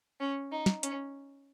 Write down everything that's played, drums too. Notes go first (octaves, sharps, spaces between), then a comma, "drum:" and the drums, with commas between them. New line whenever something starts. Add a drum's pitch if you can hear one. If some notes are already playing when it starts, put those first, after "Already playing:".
C#4
D#4
drum: snare
C#4, drum: hi-hat